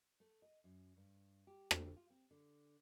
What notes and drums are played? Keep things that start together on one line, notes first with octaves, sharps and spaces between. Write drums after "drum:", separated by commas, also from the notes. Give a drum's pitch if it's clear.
A3
D#5
F#2
G2
G4
drum: rim click
F4
C4
D3